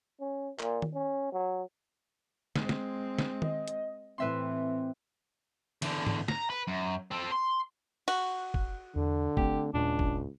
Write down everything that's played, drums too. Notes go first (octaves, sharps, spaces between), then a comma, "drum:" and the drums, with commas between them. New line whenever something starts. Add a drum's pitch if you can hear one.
C#4
A#2, drum: clap
drum: tom D#3
C#4
F#3
G#3 C4, drum: snare
drum: snare
drum: snare
D#5, drum: tom D#3
drum: hi-hat
A2 E3 C4 B4 E5 C6
E2 D3, drum: cymbal
drum: tom G#2
A#5, drum: snare
B4
F#2
C4 A4
C6
F#4, drum: cymbal
drum: kick
E2 D3
A3 C4 G4, drum: kick
D#1 C#2 A#2 D4
drum: kick